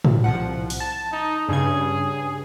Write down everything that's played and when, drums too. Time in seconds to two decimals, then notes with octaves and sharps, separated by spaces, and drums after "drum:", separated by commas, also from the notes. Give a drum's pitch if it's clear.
0.05 drum: tom A2
0.24 C2 F3 F#5
0.70 drum: open hi-hat
0.80 A5
1.12 D#4
1.49 G2 C#3 G#4 G#6